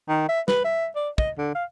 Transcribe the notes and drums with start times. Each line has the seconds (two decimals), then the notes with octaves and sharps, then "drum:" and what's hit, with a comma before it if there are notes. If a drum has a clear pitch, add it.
0.09 D#3
0.29 E5
0.48 B4, drum: snare
0.64 E5
0.95 D5
1.18 D#5, drum: kick
1.38 D3
1.55 F5